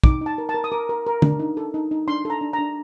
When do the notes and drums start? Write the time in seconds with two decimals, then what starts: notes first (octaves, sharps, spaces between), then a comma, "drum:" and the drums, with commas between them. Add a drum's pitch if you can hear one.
0.04 D#4 D6, drum: kick
0.21 D#4 A5
0.38 A#4
0.49 A5
0.54 A#4
0.64 D#6
0.72 A#4 D6
0.89 A#4
1.06 A#4
1.22 D4, drum: tom
1.40 D#4
1.57 A4
1.74 D#4
1.91 D#4
2.07 D4 C6
2.25 A4 A#5
2.41 D4
2.53 A#5
2.58 D4